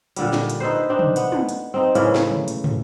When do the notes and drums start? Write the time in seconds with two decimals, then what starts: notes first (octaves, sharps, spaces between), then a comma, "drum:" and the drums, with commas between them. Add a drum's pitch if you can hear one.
0.16 A#2 D3 G3, drum: hi-hat
0.33 drum: snare
0.49 drum: hi-hat
0.60 D#4 A4 B4 C5
0.89 C4 D4 D#4
0.99 drum: tom
1.16 B3, drum: hi-hat
1.32 drum: tom
1.49 drum: hi-hat
1.74 C4 D#4
1.95 A2 C#3 E3 A#3, drum: hi-hat
2.15 drum: snare
2.31 drum: tom
2.48 drum: hi-hat
2.64 drum: tom